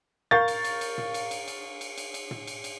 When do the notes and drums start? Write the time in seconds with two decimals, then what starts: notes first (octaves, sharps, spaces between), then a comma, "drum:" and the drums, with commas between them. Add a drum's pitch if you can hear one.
0.31 A#4 F5 C#6 G6 A6, drum: tom
0.48 drum: cymbal
0.64 drum: cymbal
0.81 drum: cymbal
0.98 drum: tom
1.14 drum: cymbal
1.31 drum: cymbal
1.48 drum: cymbal
1.81 drum: cymbal
1.98 drum: cymbal
2.14 drum: cymbal
2.31 drum: tom
2.47 drum: cymbal
2.64 drum: cymbal